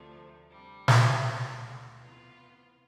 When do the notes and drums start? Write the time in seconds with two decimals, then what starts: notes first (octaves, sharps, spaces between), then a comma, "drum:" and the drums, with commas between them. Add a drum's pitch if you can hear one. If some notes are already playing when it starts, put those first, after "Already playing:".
Already playing: D2 C3 F3 A3
0.51 C3 G3 D4
0.88 drum: snare
1.25 D2 D3 A3
2.00 C3 E3 B3 F4 B4